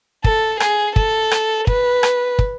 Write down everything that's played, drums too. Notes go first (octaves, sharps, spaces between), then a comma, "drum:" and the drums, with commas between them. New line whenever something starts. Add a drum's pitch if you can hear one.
A4, drum: kick
G#4, drum: rim click
A4, drum: kick
drum: rim click
B4, drum: kick
drum: rim click
drum: kick